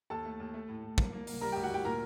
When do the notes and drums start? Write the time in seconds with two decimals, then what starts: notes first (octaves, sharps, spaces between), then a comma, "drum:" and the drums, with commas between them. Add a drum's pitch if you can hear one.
0.10 D#2 A4 A5
0.25 A3
0.40 D#2
0.54 A3
0.69 A2
0.83 A2
0.98 A#3, drum: kick
1.12 A#3
1.27 A#3, drum: open hi-hat
1.41 G3 A#4 A#5
1.52 G4 G5
1.56 D2
1.63 F#4 F#5
1.71 D2 G4 G5
1.85 A#2 A#4 A#5